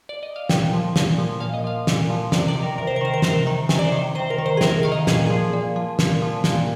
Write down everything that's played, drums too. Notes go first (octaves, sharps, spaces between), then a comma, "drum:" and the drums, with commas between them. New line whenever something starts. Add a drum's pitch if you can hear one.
D5
D#5
F5
A#2 G5, drum: snare
F3
A#2, drum: snare
F3
A#2 F5
D#5
F3 F5
A#2, drum: snare
F3
C3 D5, drum: snare
D5
D#3
A#4
C3 A#4
C5
A#4
D#3 C5
A#4
C3 C5, drum: snare
A#4
D#3
C3 G#5, drum: snare
D5
C5
D#3
C3 C5
A#4
D#3
C5
G#4
C3 A#4, drum: snare
D#3 F5
D#5
A#2 G#4, drum: snare
F3 G#4
A#2
F3
A#2, drum: snare
F3
A#2, drum: snare